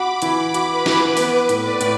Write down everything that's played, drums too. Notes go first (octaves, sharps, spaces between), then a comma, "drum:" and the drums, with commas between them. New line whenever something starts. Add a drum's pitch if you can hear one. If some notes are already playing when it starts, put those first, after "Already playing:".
Already playing: F#4 B5 D6
E3 B5, drum: hi-hat
F#4, drum: hi-hat
B4
E3, drum: snare
B3 B4, drum: open hi-hat
A2, drum: hi-hat
D5
A2, drum: hi-hat